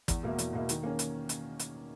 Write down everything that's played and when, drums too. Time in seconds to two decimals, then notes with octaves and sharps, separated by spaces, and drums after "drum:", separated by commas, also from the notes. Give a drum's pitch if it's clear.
0.08 E2, drum: kick, hi-hat
0.23 B2 A#3 E4
0.38 E2, drum: hi-hat
0.53 B2 A#3 E4
0.69 D#3, drum: hi-hat
0.83 A#3 C#4
0.99 drum: hi-hat
1.29 drum: hi-hat
1.59 drum: hi-hat